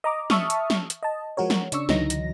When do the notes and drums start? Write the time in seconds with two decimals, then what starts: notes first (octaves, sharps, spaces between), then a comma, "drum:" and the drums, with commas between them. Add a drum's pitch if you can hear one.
0.04 D#5 A#5 D6
0.30 E5 A5 C#6 D#6 F6, drum: snare
0.50 drum: hi-hat
0.70 drum: snare
0.90 drum: hi-hat
1.03 D#5 A5
1.37 F3 G#3 F#4 A#4 C#5
1.50 drum: snare
1.72 C#3 D4 D5 C#6 E6, drum: hi-hat
1.89 C#2 D3 E3 F#3 D#4 A#6, drum: snare
2.10 drum: hi-hat